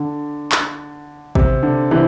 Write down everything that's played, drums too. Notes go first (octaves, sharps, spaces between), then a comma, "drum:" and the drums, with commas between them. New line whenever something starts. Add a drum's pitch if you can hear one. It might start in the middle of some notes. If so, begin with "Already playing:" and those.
Already playing: D3
drum: clap
C3, drum: kick
D3
C3 E3